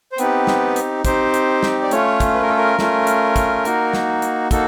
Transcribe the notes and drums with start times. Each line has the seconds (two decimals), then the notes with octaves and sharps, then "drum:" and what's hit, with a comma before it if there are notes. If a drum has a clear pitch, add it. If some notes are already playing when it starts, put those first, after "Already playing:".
0.12 C5
0.18 B3 C4 D#4 G4 B4, drum: hi-hat
0.47 drum: snare
0.76 drum: hi-hat
1.05 C4 D#4 G4 C5, drum: kick, hi-hat
1.34 drum: hi-hat
1.63 drum: snare
1.82 D5
1.91 A3 C#4 F4 C#5, drum: hi-hat
2.20 drum: kick, hi-hat
2.34 B4
2.42 A#4
2.49 A4
2.57 A#4
2.79 A3 C#4 F4, drum: snare
3.07 drum: hi-hat
3.36 drum: kick, hi-hat
3.65 A#3 D#4 F#4, drum: hi-hat
3.93 drum: snare
4.22 drum: hi-hat
4.51 A#3 D#4 F#4 A4, drum: kick, hi-hat